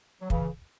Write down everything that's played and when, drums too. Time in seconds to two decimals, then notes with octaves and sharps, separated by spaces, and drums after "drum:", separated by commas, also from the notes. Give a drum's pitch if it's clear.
0.20 F#3
0.30 C#3 E3, drum: kick